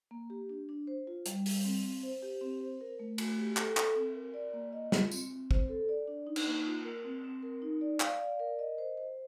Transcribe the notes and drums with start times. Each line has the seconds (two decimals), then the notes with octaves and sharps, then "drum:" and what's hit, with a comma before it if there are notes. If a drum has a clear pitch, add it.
0.11 A#3
0.30 G4
0.49 D4
0.69 D4
0.87 C5
1.07 F4
1.26 G3, drum: hi-hat
1.46 G3, drum: open hi-hat
1.65 C4
1.83 C4
2.03 C5
2.22 G4
2.41 C4
2.60 C5
2.81 A#4
2.99 A3
3.18 A3, drum: cymbal
3.38 G4
3.57 A4, drum: clap
3.77 A4, drum: clap
3.96 C4
4.15 A#4
4.34 D5
4.54 A#3
4.73 D#5
4.92 F4, drum: snare
5.11 C4, drum: tambourine
5.31 C4
5.51 C5, drum: kick
5.69 A4
5.89 D5
6.07 D4
6.27 D#4
6.36 drum: cymbal
6.46 A#3
6.66 F4
6.84 A#4
7.04 C4
7.24 C4
7.43 A#4
7.62 D#4
7.81 D5
8.00 F5, drum: clap
8.20 D5
8.40 A#4
8.59 D#5
8.78 C5
8.97 C5